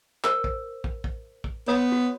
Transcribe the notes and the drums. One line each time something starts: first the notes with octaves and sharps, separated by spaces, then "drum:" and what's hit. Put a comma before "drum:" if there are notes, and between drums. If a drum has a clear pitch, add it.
A#4 C5, drum: clap
drum: kick
drum: kick
drum: kick
drum: kick
B3 C#5 D#6
F#4